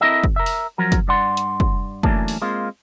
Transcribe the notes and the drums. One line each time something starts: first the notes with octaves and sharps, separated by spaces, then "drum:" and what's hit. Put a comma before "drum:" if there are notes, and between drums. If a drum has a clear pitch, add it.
C4 E4 A4 A#4 D#5 E5
drum: kick
A#4 E5
drum: open hi-hat
F3 F#3 A#4
drum: kick, hi-hat
G2 D5 F#5 C6
drum: hi-hat
drum: kick
E3 F#3 A3 A#3 C#4 D4, drum: kick
drum: open hi-hat
G#3 A#3 C4 F4